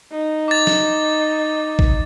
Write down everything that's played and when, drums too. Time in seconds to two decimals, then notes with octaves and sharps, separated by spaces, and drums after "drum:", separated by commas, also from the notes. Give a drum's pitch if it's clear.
0.12 D#4
0.48 D6 A6
0.67 drum: snare
1.79 drum: kick